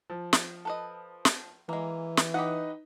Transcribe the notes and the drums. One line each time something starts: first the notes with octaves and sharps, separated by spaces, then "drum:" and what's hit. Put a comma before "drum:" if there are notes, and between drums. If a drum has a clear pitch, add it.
F3
drum: snare
A4 B4 D#5
drum: snare
E3 G#3 A#3
drum: snare
D#4 G4 B4 D#5 F#5